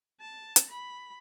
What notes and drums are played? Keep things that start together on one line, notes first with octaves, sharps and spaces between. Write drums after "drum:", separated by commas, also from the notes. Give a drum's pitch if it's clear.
A5
drum: hi-hat
B5